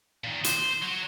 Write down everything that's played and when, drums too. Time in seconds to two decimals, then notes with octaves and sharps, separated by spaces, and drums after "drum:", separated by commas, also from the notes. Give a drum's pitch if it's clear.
0.24 A#2 D#3
0.44 C5, drum: hi-hat
0.82 F#3